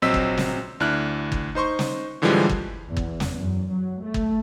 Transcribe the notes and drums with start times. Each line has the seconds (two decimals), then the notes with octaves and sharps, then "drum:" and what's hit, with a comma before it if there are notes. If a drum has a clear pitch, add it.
0.02 A#1 F#3 C4 D#5 E6 B6
0.14 drum: kick
0.37 drum: snare
0.80 D2 D4 E4 F6 F#6
1.32 drum: kick
1.55 D#4 C5 C6 C#6
1.79 drum: snare
2.22 A2 D3 E3 F3 G3 G#3
2.49 drum: kick
2.87 E2
2.97 drum: kick
3.20 drum: snare
3.36 F#2
3.72 F#3
4.02 A3
4.14 drum: kick